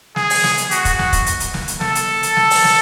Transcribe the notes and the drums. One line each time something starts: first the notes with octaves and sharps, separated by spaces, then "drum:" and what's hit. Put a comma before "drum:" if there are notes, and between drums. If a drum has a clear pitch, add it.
G#4, drum: snare
drum: open hi-hat
drum: snare
drum: hi-hat
F#4, drum: hi-hat
drum: kick, hi-hat
drum: snare
drum: kick, hi-hat
drum: hi-hat
drum: hi-hat
drum: snare
drum: hi-hat
A4, drum: snare
drum: hi-hat
drum: hi-hat
drum: snare
drum: open hi-hat
drum: snare